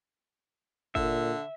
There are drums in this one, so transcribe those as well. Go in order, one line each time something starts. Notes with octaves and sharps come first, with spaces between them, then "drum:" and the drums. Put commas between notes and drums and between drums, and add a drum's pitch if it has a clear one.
A#2 D3 E5, drum: kick G1